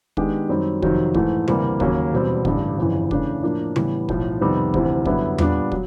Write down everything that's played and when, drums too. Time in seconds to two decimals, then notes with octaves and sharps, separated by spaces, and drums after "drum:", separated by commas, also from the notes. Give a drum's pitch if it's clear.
0.17 D#3 G#3 B3 D4 G4, drum: kick
0.49 F#2 D#3 G3 C4
0.82 F2 C3 D#3 F#3, drum: kick
1.14 G#2 E3 A3, drum: kick
1.48 D2 C3 E3 G3 A#3, drum: tom C#3
1.80 D#2 C#3 F#3 A#3 C#4, drum: kick
2.12 E1 E2 B2 G3 C4
2.45 A1 G2 D3, drum: kick
2.78 G1 F2 C#3 E3
3.11 C#3 E3 A3 D4, drum: kick
3.43 A2 F3 A#3 D4
3.76 A2 E3 G3 B3, drum: tom C#3
4.09 B1 A2 F3, drum: kick
4.41 F2 C3 D#3 G3 B3
4.74 D2 C3 E3, drum: kick
5.05 F#2 D3 G3 B3 E4, drum: kick
5.38 A#2 G3 B3 D4, drum: tom E2
5.72 F#3, drum: kick